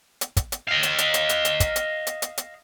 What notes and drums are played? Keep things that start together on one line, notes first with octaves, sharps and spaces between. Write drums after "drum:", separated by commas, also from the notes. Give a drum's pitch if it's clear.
drum: hi-hat
drum: kick, hi-hat
drum: hi-hat
D#5 F5
drum: hi-hat
drum: hi-hat
drum: hi-hat
drum: hi-hat
drum: hi-hat
drum: kick, hi-hat
drum: hi-hat
drum: hi-hat
drum: hi-hat
drum: hi-hat